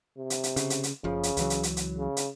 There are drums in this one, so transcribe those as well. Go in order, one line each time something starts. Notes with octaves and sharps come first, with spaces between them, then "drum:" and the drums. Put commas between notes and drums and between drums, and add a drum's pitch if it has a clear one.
C3
drum: hi-hat
drum: hi-hat
C#3, drum: hi-hat
drum: hi-hat
drum: hi-hat
F#1 C#3 F3
drum: hi-hat
C#2 E3 F#3, drum: hi-hat
drum: hi-hat
drum: hi-hat
drum: hi-hat
C#3
drum: hi-hat